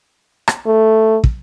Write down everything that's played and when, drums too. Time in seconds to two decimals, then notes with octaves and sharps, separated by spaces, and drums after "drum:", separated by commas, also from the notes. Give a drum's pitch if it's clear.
0.48 drum: rim click
0.67 A3
1.24 drum: kick